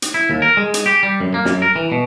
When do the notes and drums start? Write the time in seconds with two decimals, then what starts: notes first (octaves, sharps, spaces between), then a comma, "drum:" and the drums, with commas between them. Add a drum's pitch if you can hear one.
0.02 drum: hi-hat
0.14 E4
0.30 D#2
0.42 A#4
0.57 G#3
0.74 drum: hi-hat
0.86 G4
1.03 G3
1.20 F#2
1.34 A#3
1.45 F#2, drum: snare
1.62 A#4
1.76 E3
1.92 B2